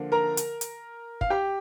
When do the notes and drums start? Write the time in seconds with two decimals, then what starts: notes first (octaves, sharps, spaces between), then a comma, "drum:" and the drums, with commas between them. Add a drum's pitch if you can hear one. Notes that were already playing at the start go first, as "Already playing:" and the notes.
Already playing: D3 F3 A#3
0.12 A#4 A#5
0.37 drum: hi-hat
0.61 drum: hi-hat
1.21 F5, drum: kick
1.30 G4 G5